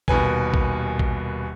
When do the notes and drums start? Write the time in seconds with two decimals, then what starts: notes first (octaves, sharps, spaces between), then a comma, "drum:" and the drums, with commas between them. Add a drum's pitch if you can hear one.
0.08 D#1 D#2 B2 B4 G#5, drum: kick A#1
0.54 drum: kick A#1
0.99 drum: kick A#1